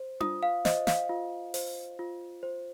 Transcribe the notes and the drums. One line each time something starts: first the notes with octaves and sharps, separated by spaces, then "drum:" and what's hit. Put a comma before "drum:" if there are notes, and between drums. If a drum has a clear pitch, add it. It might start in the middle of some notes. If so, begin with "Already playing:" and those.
Already playing: C5
F4 D#6, drum: tom D4
F5
C5 D#5, drum: snare
F5, drum: snare
F4
C5, drum: open hi-hat
F4
C5